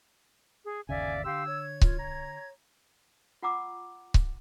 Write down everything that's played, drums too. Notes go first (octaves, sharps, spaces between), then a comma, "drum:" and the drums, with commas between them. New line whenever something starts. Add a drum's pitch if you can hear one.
G#4
G1 D#2 C#3 D5 E5 F5 G#5
D3 G4 F5 C6 E6
C#5 G#6
F4, drum: kick C#1
A#5
F4 F#5 A#5 D6 E6
drum: kick C#1